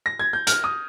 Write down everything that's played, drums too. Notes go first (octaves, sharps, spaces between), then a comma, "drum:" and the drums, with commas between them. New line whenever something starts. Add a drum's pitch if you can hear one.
A#6
G#6
G6
F6, drum: hi-hat
D#6